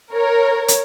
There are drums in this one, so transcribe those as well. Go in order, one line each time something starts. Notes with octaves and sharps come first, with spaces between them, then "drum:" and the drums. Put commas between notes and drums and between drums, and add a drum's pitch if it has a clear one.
A#4 C#5
drum: hi-hat